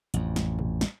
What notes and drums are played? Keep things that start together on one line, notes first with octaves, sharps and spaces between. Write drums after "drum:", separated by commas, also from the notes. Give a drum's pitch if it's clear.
A1 F2, drum: hi-hat
drum: snare
drum: tom
drum: snare